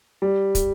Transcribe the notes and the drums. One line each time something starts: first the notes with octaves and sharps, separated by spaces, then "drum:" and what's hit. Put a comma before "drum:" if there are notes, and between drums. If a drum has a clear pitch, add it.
G3
drum: kick, hi-hat